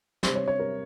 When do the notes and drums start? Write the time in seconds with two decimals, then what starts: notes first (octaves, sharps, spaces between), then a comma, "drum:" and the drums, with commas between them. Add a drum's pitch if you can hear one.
0.23 C3 G3 C5, drum: snare
0.35 C#5
0.48 C#5
0.59 A#4